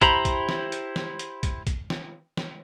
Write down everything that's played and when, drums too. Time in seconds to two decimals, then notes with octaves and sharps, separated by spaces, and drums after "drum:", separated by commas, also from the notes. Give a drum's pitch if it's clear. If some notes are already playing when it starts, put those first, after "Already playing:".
0.01 E4 G4 C5 A#5 B5, drum: kick, hi-hat
0.25 drum: kick, hi-hat
0.49 drum: snare
0.72 drum: hi-hat
0.96 drum: snare
1.19 drum: hi-hat
1.43 drum: kick, hi-hat
1.67 drum: kick, hi-hat
1.90 drum: snare
2.37 drum: snare